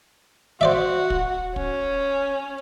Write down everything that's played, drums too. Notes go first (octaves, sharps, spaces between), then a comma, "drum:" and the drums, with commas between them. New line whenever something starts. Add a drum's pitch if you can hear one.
F#4 C5 D5 E5
drum: kick
C#4, drum: kick